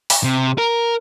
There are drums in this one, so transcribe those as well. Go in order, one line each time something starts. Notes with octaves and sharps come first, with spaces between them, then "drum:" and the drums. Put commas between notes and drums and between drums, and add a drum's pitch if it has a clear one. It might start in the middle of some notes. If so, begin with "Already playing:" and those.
drum: open hi-hat
C3
A#4